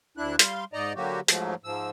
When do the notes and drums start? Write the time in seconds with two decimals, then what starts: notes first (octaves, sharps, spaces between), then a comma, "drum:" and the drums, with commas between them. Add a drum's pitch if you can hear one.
0.17 D2 D4 E4 F#6
0.39 G3 F5 C6, drum: hi-hat
0.73 G#2 D#4 D5 D#5 A#5
0.96 D3 F#3 A#3 F#4 G4
1.28 G#2 F3 F#3 A3, drum: hi-hat
1.64 G#2 F3 E6